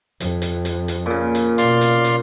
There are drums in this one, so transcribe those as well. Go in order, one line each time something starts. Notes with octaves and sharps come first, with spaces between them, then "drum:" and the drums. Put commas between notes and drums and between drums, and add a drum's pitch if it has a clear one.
F2, drum: hi-hat
drum: hi-hat
drum: hi-hat
drum: hi-hat
A#2 C#3
drum: hi-hat
B2 D5 F5 C6, drum: hi-hat
drum: hi-hat
drum: hi-hat